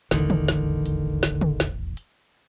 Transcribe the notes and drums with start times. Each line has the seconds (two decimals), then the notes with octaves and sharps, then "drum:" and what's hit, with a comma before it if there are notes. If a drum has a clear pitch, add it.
0.11 D#1 A1 E2 D3 D#3, drum: snare
0.30 drum: tom
0.48 drum: snare
0.86 drum: hi-hat
1.23 drum: snare
1.41 drum: tom
1.60 drum: snare
1.97 drum: hi-hat